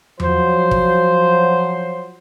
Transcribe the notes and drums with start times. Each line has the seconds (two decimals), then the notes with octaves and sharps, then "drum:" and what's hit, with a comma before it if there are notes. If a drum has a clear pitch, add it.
0.20 F3 F#3 C5, drum: tom E2
0.71 drum: kick